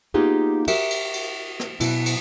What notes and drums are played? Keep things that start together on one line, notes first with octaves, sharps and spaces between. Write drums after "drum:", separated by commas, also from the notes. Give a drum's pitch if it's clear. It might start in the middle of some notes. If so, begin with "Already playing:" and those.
A#3 B3 D#4 F4 G4 G#4
F#4 G4 A#4 E5, drum: cymbal
drum: cymbal
drum: cymbal
drum: rim click
B2 F#3 E4, drum: cymbal
drum: cymbal